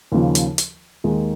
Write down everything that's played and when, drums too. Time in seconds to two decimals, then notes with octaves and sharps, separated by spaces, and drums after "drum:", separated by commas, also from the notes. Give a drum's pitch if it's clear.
0.12 D#2 C#3 F3
0.35 drum: hi-hat
0.58 drum: hi-hat
1.04 D#2 D#3 G#3 D#4